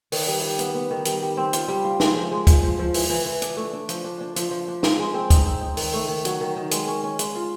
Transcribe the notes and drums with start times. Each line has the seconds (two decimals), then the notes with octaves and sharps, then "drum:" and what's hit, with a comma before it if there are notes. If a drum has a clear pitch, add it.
0.12 D#3, drum: open hi-hat
0.27 G3
0.43 G3
0.59 B3, drum: hi-hat
0.74 B3
0.91 D#3
1.05 G3, drum: hi-hat
1.22 G3
1.37 C4
1.53 F4, drum: hi-hat
1.68 G3
1.84 F4
2.00 G#3, drum: snare
2.16 F3
2.31 G#3
2.47 F3, drum: kick, hi-hat
2.63 F3
2.79 F3
2.94 E3, drum: open hi-hat
3.10 E3
3.25 E3
3.42 D4, drum: hi-hat
3.57 A3
3.73 D4
3.89 F3, drum: hi-hat
4.04 D4
4.21 D4
4.36 F3, drum: hi-hat
4.51 F3
4.68 D4
4.83 G#3, drum: snare
4.99 G#3
5.14 C4
5.30 D#4, drum: kick, hi-hat
5.46 C4
5.61 D#4
5.77 D#3, drum: open hi-hat
5.93 A3
6.08 D#3
6.25 F#3, drum: hi-hat
6.41 D#3
6.56 D#3
6.71 G#3, drum: hi-hat
6.87 C#4
7.04 C#4
7.19 G#3, drum: hi-hat
7.35 F4